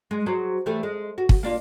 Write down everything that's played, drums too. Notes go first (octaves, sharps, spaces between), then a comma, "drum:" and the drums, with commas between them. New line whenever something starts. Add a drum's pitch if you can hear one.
G#3
F#3 G#4 C5
E3 G3 A3
G#3
F#4
drum: kick
A#3 D4 F4